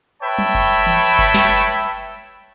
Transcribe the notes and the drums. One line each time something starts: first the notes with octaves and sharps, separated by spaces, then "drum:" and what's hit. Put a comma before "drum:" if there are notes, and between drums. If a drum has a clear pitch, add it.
B4 C#5 E5 G5 A5 B5
drum: tom
drum: kick F#1
drum: tom
drum: kick F#1
drum: snare